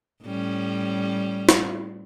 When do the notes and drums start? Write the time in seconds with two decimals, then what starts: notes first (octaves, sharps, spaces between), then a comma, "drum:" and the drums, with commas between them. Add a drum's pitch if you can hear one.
0.24 A2 G3 C#4
1.49 drum: snare